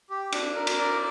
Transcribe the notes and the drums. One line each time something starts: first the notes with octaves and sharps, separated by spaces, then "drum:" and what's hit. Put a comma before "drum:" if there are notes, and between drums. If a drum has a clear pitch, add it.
G4
D4, drum: cymbal
A#4
drum: cymbal
D5